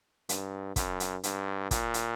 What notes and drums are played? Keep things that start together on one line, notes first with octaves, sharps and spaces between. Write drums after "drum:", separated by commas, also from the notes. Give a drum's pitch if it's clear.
G2, drum: hi-hat
F#2, drum: kick, hi-hat
drum: hi-hat
G2, drum: hi-hat
A#2, drum: kick, hi-hat
drum: hi-hat